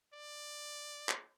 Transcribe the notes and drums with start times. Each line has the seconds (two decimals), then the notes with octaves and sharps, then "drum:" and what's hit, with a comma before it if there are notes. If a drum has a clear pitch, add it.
0.14 D5
1.09 drum: clap